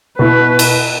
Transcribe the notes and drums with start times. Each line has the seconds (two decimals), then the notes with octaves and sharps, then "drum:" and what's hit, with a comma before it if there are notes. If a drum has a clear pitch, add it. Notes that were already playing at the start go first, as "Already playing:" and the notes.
0.19 B2 E4 B4
0.59 drum: cymbal